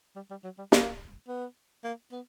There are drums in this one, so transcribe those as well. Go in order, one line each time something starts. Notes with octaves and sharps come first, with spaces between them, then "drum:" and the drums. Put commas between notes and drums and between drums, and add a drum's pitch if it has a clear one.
G3
G3
F#3
G3
A#3, drum: snare
B3
A#3
B3